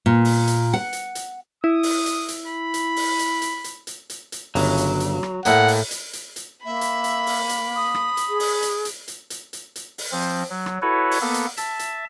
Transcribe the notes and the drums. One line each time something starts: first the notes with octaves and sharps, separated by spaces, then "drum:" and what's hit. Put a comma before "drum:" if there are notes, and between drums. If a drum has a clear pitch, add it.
A#2
drum: open hi-hat
drum: hi-hat
F#5
drum: hi-hat
drum: hi-hat
E4 D#6
drum: open hi-hat
drum: hi-hat
drum: hi-hat
B5
drum: hi-hat
drum: open hi-hat
drum: hi-hat
drum: hi-hat
drum: hi-hat
drum: hi-hat
drum: hi-hat
drum: hi-hat
G1 C#3 F#3 G#5, drum: open hi-hat
drum: hi-hat
drum: hi-hat
drum: rim click
A2 A#3 D#5 E5 F#5, drum: hi-hat
drum: open hi-hat
drum: hi-hat
drum: hi-hat
drum: hi-hat
A#3 E5 B5
drum: hi-hat
drum: hi-hat
drum: open hi-hat
drum: hi-hat
D#6
drum: rim click
drum: hi-hat
G#4
drum: open hi-hat
drum: hi-hat
drum: hi-hat
drum: hi-hat
drum: hi-hat
drum: hi-hat
drum: hi-hat
drum: open hi-hat
F3 C4
F#3
drum: rim click
E4 F#4 A4 B4 C#5
drum: open hi-hat
A#3 B3 A4
drum: hi-hat
E5 A5, drum: hi-hat
drum: hi-hat